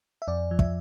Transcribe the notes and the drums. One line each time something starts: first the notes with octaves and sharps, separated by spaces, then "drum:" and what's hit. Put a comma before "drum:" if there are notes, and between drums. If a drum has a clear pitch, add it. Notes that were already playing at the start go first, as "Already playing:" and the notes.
E5
F2 D5
F3
E5, drum: kick